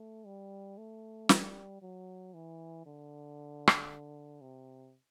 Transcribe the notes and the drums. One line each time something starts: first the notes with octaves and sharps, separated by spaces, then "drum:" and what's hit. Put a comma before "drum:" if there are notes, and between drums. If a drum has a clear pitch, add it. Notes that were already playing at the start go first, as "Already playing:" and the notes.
Already playing: A3
G3
A3
G3, drum: snare
F#3
E3
D3
drum: rim click
C3